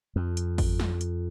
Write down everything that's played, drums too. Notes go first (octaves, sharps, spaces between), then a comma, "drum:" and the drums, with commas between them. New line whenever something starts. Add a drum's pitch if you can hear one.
F2
drum: hi-hat
drum: kick G#1, open hi-hat
drum: snare
drum: hi-hat